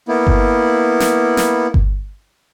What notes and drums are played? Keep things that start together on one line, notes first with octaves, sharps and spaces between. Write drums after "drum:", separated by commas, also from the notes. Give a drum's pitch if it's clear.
A#3 B3 E4
drum: kick G1
drum: snare
drum: snare
drum: kick G1